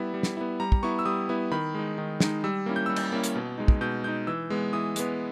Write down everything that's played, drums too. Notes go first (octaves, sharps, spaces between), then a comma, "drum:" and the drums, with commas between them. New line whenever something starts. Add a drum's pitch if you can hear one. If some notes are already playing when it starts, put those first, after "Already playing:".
Already playing: G3 B3 E4
G3
drum: snare
B3 E4
G3 A#5
drum: kick
B3 E4 C#6
E6
G3 D#6
B3 E4
D#3 B5
G#3 D#4
D#3
G#3 D#4, drum: snare
G3 E6
A#3 C#4 E4
G6
G3 E6
G6, drum: cymbal
A#3 C#4 E4
drum: hi-hat
B2
G#3 D#4
drum: kick
B2 G6
G#3 D#4 G6
E3 E6
G#3 B3
E3 D#6
G#3 B3, drum: hi-hat